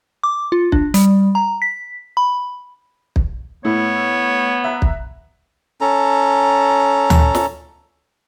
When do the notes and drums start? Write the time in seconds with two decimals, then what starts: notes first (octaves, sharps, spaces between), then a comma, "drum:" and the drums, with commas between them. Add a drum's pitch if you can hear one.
0.23 D6
0.52 F4
0.72 D4, drum: kick
0.94 G3, drum: hi-hat
1.35 A#5
1.62 B6
2.17 B5
3.16 drum: kick
3.65 A2 A3 B3 E4 C#5
4.64 E5 A#5 F#6
4.82 drum: kick
5.81 C#4 A4 A#5
7.10 drum: tom D2
7.35 drum: snare